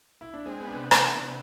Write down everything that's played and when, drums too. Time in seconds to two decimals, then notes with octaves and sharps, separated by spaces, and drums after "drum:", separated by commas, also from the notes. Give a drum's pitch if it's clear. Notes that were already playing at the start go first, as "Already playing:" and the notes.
0.21 E4
0.34 D4
0.46 G#3 C4
0.60 B3
0.68 D4
0.75 C3
0.91 E3, drum: rim click
1.05 B3
1.21 C3